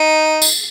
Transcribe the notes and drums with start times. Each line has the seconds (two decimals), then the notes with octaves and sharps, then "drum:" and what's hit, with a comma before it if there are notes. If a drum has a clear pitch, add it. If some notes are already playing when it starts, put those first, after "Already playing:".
Already playing: D#4
0.42 drum: tambourine